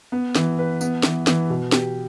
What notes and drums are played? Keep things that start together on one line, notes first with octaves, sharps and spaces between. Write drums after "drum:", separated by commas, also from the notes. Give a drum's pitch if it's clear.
B3
E3, drum: snare
B4
B3, drum: tambourine
E3, drum: snare
E3, drum: snare
B2
G4, drum: snare